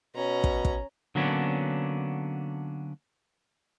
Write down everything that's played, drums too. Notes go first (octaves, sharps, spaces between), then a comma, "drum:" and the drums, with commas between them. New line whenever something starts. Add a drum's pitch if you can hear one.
B2 C#4 A#5
drum: kick
drum: kick
D3 F#3 A#3 B3 C#4 D4